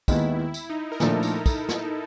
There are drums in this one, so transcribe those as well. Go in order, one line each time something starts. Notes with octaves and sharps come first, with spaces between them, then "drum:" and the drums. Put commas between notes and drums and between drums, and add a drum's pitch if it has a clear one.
D#2 D#3 G#3 B3 E4, drum: kick, tambourine
E4
drum: tambourine
D#4
A#4
A#2 F3 A3 D4 A4, drum: snare
drum: tambourine
A#4, drum: kick, tambourine
drum: snare